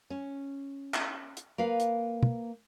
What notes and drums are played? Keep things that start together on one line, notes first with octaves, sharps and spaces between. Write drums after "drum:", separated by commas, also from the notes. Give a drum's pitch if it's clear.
C#4
drum: clap
drum: hi-hat
A#3 B4 F5
drum: hi-hat
drum: tom